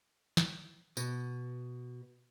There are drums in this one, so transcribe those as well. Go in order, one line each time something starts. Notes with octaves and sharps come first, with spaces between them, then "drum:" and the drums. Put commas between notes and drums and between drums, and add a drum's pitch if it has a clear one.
drum: snare
B2, drum: tambourine